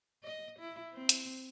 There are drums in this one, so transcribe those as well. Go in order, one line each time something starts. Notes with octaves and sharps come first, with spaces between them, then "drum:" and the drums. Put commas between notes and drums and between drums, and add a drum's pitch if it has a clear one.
D#5
E4
C4
drum: hi-hat